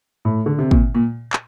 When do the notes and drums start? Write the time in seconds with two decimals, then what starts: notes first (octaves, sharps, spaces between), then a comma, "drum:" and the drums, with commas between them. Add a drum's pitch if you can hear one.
0.25 A2
0.46 D3
0.59 C3
0.71 A#2, drum: kick
0.95 A#2
1.33 drum: clap